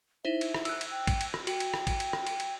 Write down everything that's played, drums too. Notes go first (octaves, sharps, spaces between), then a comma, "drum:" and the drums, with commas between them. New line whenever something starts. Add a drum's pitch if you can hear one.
D#4 E4 C5 E5
drum: cymbal
drum: rim click
E6 F#6, drum: cymbal
drum: cymbal
G5
drum: kick A1, cymbal
drum: cymbal
drum: rim click
F#4 G5, drum: cymbal
drum: cymbal
drum: rim click
drum: kick A1, cymbal
drum: cymbal
drum: rim click
drum: cymbal
drum: cymbal